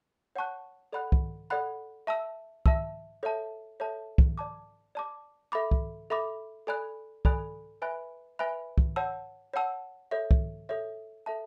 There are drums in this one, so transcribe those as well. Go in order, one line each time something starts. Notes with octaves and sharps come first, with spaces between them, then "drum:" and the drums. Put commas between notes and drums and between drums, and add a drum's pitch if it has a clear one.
C#5 F#5 A5 C#6 F#6
A4 D5 F#5 B5 F#6
drum: kick
A4 D5 F#5 B5 F#6
E5 A5 E6
E5 A5 E6, drum: kick
A4 C#5 E5 A5
A4 C#5 E5 A5
drum: kick
D5 A5 D6
D5 A5 D6
A4 E5 B5 D6
drum: kick
A4 E5 B5 D6
A4 D5 G#5 B5 F#6
A4 D5 G#5 B5 F#6, drum: kick
B4 E5 G#5 B5 F#6
B4 E5 G#5 B5 F#6
drum: kick
C#5 F#5 A5 E6
C#5 F#5 A5 E6
A4 C#5 E5
drum: kick
A4 C#5 E5
A4 E5 A5